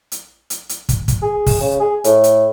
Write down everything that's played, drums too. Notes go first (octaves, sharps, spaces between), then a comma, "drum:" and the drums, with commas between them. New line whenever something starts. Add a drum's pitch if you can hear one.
drum: hi-hat
drum: hi-hat
drum: hi-hat
drum: kick, hi-hat
drum: kick, hi-hat
G#4
drum: kick, open hi-hat
C#3
G#4
A2, drum: hi-hat
drum: hi-hat